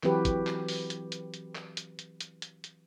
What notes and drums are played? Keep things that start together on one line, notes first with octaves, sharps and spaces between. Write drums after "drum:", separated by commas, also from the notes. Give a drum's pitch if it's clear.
E3 F#3 C4 F#4 G4 B4, drum: clap
drum: kick, hi-hat
drum: clap
drum: open hi-hat
drum: hi-hat
drum: hi-hat
drum: hi-hat
drum: clap
drum: hi-hat
drum: hi-hat
drum: hi-hat
drum: hi-hat
drum: hi-hat